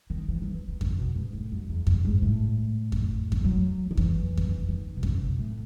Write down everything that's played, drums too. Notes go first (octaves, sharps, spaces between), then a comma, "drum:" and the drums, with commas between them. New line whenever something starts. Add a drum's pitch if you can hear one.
D#3
E3
F#3
E3
D#3
drum: kick F2
B2
G#2
A2
F#2
E2
F#2, drum: kick F2
G#2
A2
drum: kick F2
drum: kick F2
F#3
D#3
E3, drum: kick F2
drum: kick F2
E3
D#3
B2
C#3, drum: kick F2
B2
A2